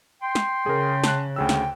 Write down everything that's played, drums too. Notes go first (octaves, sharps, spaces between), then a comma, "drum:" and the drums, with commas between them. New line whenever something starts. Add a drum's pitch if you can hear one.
G5 C6
drum: snare
C#3 G#4 A#4
A5 F#6, drum: snare
D2 C#3 G5 E6
drum: snare